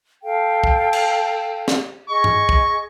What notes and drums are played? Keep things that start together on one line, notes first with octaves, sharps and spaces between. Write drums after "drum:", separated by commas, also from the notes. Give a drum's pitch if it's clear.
A4 F5 G5
drum: kick
drum: cymbal
drum: snare
G#4 D#5 C#6
drum: tom G2
drum: kick